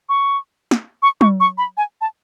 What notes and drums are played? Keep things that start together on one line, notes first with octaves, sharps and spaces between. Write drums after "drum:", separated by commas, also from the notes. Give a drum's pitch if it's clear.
C#6
drum: snare
C#6
C#6, drum: tom
C#6
B5
G#5
A5